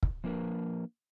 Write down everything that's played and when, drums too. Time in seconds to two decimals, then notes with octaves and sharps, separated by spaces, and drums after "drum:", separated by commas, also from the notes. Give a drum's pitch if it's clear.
0.03 drum: kick
0.24 F3 A#3 D4 A#4 B4